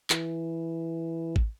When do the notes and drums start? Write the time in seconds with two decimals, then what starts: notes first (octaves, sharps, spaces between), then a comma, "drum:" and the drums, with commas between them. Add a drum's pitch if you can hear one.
0.10 E3, drum: clap
1.36 drum: kick A1